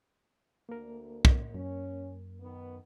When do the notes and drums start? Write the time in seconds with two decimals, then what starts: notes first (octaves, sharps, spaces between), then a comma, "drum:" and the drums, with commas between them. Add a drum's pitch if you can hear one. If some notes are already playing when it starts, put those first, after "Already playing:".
0.69 D2 A#3 A#4
1.25 drum: kick
1.54 F#2 C#4
2.41 D#3 B3